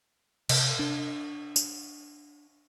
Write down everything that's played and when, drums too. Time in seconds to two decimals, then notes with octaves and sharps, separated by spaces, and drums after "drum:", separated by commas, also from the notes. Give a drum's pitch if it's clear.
0.49 C3, drum: cymbal
0.79 D4
1.56 drum: tambourine